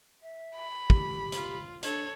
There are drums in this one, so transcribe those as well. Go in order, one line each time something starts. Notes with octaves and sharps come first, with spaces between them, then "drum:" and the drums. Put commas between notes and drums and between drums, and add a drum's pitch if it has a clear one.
E5
B5
G4, drum: kick
F4, drum: hi-hat
D4 A4 C#5, drum: hi-hat